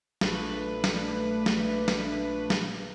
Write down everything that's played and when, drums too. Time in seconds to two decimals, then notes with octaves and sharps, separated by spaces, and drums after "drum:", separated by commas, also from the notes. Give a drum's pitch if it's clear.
0.21 A#1 A3 D4 B4, drum: snare
0.84 drum: snare
1.46 drum: snare
1.88 drum: snare
2.50 drum: snare